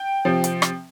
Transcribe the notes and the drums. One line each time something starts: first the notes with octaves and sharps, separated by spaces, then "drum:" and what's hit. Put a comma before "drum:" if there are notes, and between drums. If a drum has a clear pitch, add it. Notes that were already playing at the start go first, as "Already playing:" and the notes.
Already playing: G5
C3 F3 C4
drum: hi-hat
drum: rim click